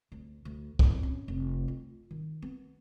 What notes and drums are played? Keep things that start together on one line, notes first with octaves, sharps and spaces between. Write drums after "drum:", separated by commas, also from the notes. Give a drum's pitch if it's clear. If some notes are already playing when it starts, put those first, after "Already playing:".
D2
D2
F2, drum: kick
C#4
F1
F4
D#3
B3